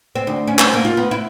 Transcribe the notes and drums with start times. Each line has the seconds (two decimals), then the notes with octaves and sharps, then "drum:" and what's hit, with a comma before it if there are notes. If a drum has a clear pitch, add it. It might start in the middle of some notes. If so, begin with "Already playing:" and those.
0.16 C4
0.27 D2
0.47 C#4
0.59 C5, drum: clap
0.74 A#3
0.85 F4
0.97 B3
1.11 E4